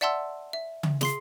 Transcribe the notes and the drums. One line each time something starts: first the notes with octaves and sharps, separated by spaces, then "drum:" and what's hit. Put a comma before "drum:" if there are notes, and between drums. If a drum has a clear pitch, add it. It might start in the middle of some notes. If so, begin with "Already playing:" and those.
D5 E5 F#5 A5 C6 E6
E5
drum: tom C#3
G#4 C6 C7, drum: snare